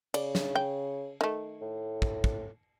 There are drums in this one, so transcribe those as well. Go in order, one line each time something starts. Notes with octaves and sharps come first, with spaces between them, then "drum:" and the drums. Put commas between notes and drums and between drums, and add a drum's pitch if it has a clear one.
C#3 D5, drum: cymbal
drum: snare
G5
D#3 A3
A2
drum: kick
drum: kick